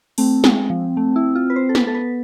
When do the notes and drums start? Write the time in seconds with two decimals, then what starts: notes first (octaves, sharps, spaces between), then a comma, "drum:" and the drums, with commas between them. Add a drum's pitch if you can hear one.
0.18 A3 C4, drum: open hi-hat
0.44 G#3, drum: snare
0.70 F3
0.97 A3
1.16 E4
1.35 F4
1.50 B4
1.56 C5
1.69 A4
1.75 B3 B4, drum: snare
1.87 A4
1.94 B4